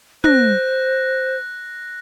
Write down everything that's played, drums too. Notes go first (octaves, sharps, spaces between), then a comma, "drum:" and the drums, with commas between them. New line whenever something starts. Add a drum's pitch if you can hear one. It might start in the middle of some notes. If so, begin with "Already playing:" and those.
C5 F#6 A#6, drum: tom